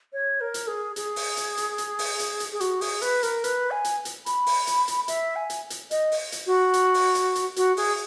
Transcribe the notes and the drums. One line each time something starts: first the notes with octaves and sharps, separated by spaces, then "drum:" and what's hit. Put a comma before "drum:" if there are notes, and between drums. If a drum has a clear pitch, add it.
C#5
A#4
drum: hi-hat
G#4
G#4, drum: hi-hat
drum: open hi-hat
drum: hi-hat
drum: hi-hat
drum: hi-hat
drum: open hi-hat
drum: hi-hat
drum: hi-hat
G#4
F#4, drum: hi-hat
G#4, drum: open hi-hat
B4, drum: hi-hat
A#4, drum: hi-hat
B4, drum: hi-hat
G#5
drum: hi-hat
drum: hi-hat
B5, drum: hi-hat
drum: open hi-hat
drum: hi-hat
drum: hi-hat
E5, drum: hi-hat
G#5
drum: hi-hat
drum: hi-hat
D#5, drum: hi-hat
drum: open hi-hat
drum: hi-hat
F#4
drum: hi-hat
drum: open hi-hat
drum: hi-hat
drum: hi-hat
F#4, drum: hi-hat
G#4, drum: open hi-hat